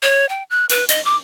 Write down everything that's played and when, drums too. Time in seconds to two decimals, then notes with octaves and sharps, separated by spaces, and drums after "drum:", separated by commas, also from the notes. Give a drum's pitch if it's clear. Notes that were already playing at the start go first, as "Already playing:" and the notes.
0.03 C#5
0.29 G5
0.50 F#6
0.70 B4, drum: hi-hat
0.89 D#5, drum: hi-hat
1.05 D6